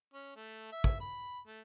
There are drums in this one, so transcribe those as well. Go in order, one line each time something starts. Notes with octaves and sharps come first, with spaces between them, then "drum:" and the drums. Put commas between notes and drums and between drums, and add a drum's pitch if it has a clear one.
C#4
A3
E5
drum: kick
B5
A3